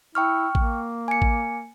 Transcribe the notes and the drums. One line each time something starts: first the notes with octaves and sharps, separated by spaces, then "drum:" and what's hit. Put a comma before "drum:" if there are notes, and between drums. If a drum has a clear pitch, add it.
E4 G5 C#6 F6
A#3, drum: kick A1
G#5 C#7
drum: kick A1